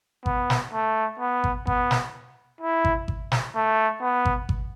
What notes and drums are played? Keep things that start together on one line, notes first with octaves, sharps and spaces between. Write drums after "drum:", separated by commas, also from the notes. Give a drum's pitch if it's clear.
B3, drum: kick G#1
drum: snare
A3
B3
drum: kick G#1
B3, drum: kick G#1
drum: snare
E4
drum: kick G#1
drum: kick G#1
drum: snare
A3
B3
drum: kick G#1
drum: kick G#1